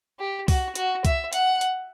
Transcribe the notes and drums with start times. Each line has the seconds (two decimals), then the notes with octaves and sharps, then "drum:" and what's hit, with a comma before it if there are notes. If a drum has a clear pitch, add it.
0.19 G4
0.48 F#4, drum: kick C2, open hi-hat
0.75 F#4, drum: hi-hat
1.05 E5, drum: kick C2, hi-hat
1.33 F#5, drum: hi-hat
1.61 drum: hi-hat